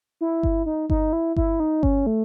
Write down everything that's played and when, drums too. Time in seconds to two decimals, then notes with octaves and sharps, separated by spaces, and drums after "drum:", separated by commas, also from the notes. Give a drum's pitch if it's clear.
0.21 E4
0.43 drum: kick G1
0.66 D#4
0.90 D#4, drum: kick G1
1.13 E4
1.36 E4, drum: kick G1
1.60 D#4
1.83 C#4, drum: kick G1
2.07 A3